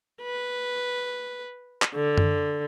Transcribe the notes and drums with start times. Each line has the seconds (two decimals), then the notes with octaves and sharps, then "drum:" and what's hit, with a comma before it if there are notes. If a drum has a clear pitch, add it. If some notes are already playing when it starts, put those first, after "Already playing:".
0.22 B4
1.82 drum: clap
1.95 D3
2.18 drum: tom F#2